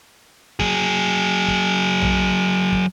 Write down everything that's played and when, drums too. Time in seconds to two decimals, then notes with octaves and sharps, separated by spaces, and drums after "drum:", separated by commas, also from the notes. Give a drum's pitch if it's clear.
0.59 F#3 G#4, drum: kick
1.48 drum: kick
2.02 drum: tom A#1
2.73 drum: kick